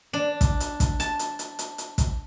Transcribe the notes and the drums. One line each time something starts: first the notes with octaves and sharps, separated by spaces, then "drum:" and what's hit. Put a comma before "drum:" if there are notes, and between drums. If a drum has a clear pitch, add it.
D4
drum: kick, hi-hat
drum: hi-hat
drum: kick, hi-hat
A5, drum: hi-hat
drum: hi-hat
drum: hi-hat
drum: hi-hat
drum: hi-hat
drum: kick, hi-hat